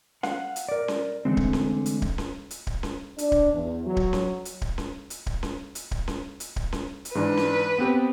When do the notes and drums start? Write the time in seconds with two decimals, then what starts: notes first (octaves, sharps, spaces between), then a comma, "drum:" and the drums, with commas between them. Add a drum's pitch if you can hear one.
0.23 F5 F#5, drum: snare C#4
0.56 drum: hi-hat
0.69 A#4 D5
0.88 drum: snare C#4
1.25 D3 E3 G#3 A3 C4
1.37 drum: kick D1
1.53 drum: snare C#4
1.86 drum: hi-hat
2.02 drum: kick D1
2.18 drum: snare C#4
2.51 drum: hi-hat
2.67 drum: kick D1
2.83 drum: snare C#4
3.18 D4, drum: hi-hat
3.32 drum: kick D1
3.52 E2
3.86 F#3
3.97 drum: kick D1
4.13 drum: snare C#4
4.45 drum: hi-hat
4.62 drum: kick D1
4.78 drum: snare C#4
5.10 drum: hi-hat
5.26 drum: kick D1
5.43 drum: snare C#4
5.75 drum: hi-hat
5.91 drum: kick D1
6.08 drum: snare C#4
6.40 drum: hi-hat
6.56 drum: kick D1
6.72 drum: snare C#4
7.05 drum: hi-hat
7.15 G#2 E3 D4 B4
7.37 drum: snare C#4
7.78 B3 C4 G4